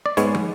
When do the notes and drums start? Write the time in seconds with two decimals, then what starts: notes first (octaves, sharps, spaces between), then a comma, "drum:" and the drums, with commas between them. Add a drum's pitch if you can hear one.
0.06 D5
0.17 G#2 G#3 B3 C#5, drum: hi-hat
0.35 drum: tom